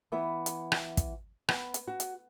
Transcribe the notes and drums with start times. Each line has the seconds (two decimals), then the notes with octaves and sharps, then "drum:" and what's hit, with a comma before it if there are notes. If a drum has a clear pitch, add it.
0.12 E3 B3 E5
0.46 drum: hi-hat
0.72 drum: rim click
0.97 drum: kick, hi-hat
1.49 B3, drum: rim click
1.74 drum: hi-hat
1.87 F#4
2.00 drum: hi-hat